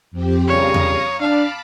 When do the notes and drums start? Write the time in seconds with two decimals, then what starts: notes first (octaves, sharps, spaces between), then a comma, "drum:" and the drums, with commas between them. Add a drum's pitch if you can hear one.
0.11 F2 C4 G4
0.48 A#1 C#3 G3 C#5 F5 A#5 D#6
0.74 drum: tom E2
1.21 D4 F5 A5 B5 D6